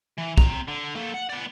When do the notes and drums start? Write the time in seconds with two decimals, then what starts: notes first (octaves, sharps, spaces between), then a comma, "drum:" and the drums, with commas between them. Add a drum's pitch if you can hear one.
0.18 E3
0.38 C4 A#5, drum: kick
0.68 D3
0.95 A#3 A4
1.14 F#5
1.29 B3 D5